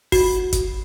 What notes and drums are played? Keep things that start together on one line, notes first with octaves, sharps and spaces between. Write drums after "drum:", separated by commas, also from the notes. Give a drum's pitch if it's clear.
F#4, drum: kick, open hi-hat
drum: kick, hi-hat